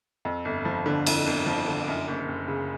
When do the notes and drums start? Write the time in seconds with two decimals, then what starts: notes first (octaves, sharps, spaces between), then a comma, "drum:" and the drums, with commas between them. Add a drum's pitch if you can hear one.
0.25 F2
0.45 G1
0.65 F3
0.86 D3
1.06 F2, drum: cymbal
1.27 G1
1.46 F3
1.67 D3
1.88 F#2
2.08 F#1
2.28 F#1
2.48 C#3